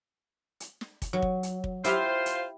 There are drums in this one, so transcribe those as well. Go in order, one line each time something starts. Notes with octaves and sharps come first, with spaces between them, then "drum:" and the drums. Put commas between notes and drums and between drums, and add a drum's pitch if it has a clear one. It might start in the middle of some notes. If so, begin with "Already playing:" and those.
drum: hi-hat
drum: snare
drum: kick, hi-hat
F#3
drum: kick
drum: hi-hat
drum: kick
E4 F4 G4 C5 F5, drum: hi-hat
drum: hi-hat